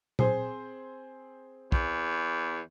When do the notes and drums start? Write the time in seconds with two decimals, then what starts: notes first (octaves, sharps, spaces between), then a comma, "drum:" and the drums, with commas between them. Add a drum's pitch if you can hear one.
0.19 C4 G#4 C5, drum: tom A#2
1.72 E2, drum: kick